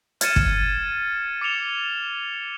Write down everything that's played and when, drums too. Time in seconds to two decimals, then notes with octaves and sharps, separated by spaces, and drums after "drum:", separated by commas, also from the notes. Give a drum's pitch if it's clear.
0.21 F6 G#6 A6 C#7 D#7 E7, drum: hi-hat
0.36 drum: kick
1.41 D6 C#7 E7 F7 G7